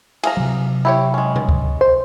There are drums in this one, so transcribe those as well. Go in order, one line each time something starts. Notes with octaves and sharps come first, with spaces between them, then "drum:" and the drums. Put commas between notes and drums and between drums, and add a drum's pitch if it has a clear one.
G#4 F5 A#5, drum: cymbal
C3 F#3
E4 G4 C#5
G#3 C#4
drum: tom B2
drum: kick C#2
C5